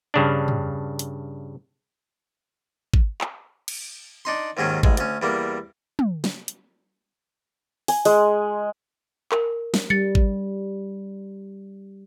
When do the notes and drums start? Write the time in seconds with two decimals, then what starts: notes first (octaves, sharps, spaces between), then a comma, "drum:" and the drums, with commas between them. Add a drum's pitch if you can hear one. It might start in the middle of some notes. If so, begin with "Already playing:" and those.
0.14 G2 C#3 D4
0.48 drum: tom
0.99 drum: hi-hat
2.94 drum: kick G#1
3.21 drum: clap
3.68 drum: cymbal
4.25 D4 D#4 C6
4.57 D#2 G#2 D#3 F#3 C#4
4.83 A1 G#3, drum: kick G#1
4.97 D2 C#4, drum: hi-hat
5.22 E2 G3 A#3
5.99 drum: tom
6.24 drum: snare
6.48 drum: hi-hat
7.88 G#5, drum: open hi-hat
8.05 G#3, drum: open hi-hat
9.32 A#4, drum: clap
9.74 drum: snare
9.90 G3 A6 C#7
10.15 drum: kick G#1